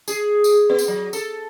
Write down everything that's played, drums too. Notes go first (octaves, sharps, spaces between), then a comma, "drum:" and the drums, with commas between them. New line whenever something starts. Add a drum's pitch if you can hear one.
G#4, drum: tambourine
drum: tambourine
B3
drum: tambourine
F#3
A4, drum: tambourine